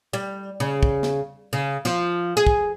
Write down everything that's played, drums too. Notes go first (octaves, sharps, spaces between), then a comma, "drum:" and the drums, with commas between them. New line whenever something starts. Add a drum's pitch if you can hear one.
G3
C#3
drum: kick
drum: snare
C#3
F3, drum: snare
G#4
drum: kick